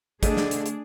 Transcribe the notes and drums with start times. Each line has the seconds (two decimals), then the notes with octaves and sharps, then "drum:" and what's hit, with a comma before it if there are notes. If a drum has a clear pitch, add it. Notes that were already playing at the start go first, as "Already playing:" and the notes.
0.23 D3 A3 D4 G#4 D#5, drum: kick G#1, hi-hat
0.37 drum: snare
0.51 drum: hi-hat
0.66 drum: hi-hat